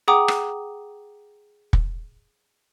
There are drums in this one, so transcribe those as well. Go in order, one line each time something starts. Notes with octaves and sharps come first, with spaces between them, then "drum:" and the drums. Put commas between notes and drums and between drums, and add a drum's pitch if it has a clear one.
G#4 F#5 G5 A#5 D6 D#6
drum: rim click
drum: kick